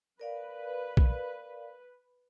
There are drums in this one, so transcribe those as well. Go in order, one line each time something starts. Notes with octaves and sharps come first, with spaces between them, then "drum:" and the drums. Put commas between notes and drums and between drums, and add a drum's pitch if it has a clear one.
A#4 B4 D5 F5
drum: kick B1